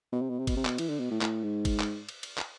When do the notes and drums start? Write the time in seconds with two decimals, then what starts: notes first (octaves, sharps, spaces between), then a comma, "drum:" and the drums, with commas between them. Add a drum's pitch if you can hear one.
0.12 B2
0.22 C3
0.30 B2
0.39 C3
0.47 B2, drum: kick, cymbal
0.56 C3
0.65 B2, drum: clap
0.78 E3, drum: cymbal
0.89 D3
1.00 B2
1.11 A2
1.21 A2, drum: clap
1.43 G#2
1.65 drum: kick, cymbal
1.80 drum: clap
2.09 drum: cymbal
2.23 drum: cymbal
2.38 drum: clap